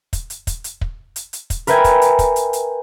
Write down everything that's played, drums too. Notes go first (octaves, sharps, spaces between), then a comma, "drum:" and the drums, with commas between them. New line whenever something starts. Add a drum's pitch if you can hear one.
drum: kick, hi-hat
drum: hi-hat
drum: kick, hi-hat
drum: hi-hat
drum: kick
drum: hi-hat
drum: hi-hat
drum: kick, hi-hat
A#4 B4 E5 G5 G#5 G#6, drum: hi-hat
drum: kick, hi-hat
drum: hi-hat
drum: kick, hi-hat
drum: hi-hat
drum: hi-hat